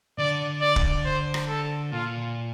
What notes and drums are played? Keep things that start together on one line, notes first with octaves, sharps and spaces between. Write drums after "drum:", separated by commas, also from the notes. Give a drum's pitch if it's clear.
D3 D5
D5
drum: kick
C5
drum: rim click
A4
A#2 F4